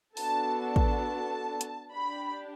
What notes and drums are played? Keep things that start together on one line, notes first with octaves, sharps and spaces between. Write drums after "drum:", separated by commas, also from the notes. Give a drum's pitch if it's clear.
B3 D4 F#4 A4 A5, drum: open hi-hat
A5
drum: kick A1
drum: hi-hat
D4 G4 B5